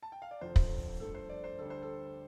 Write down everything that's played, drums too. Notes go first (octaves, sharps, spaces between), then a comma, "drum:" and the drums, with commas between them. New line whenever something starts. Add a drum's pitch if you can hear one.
A5
G5
F5
D5
F1 F2 D3 F3 C5
drum: kick
G2 F3 A3 A4
C5
D5
C5
D2 D3 G3 D4 A4
C5
A4